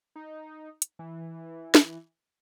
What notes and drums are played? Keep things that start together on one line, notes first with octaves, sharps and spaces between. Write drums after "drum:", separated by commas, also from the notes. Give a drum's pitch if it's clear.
D#4
drum: hi-hat
E3
drum: snare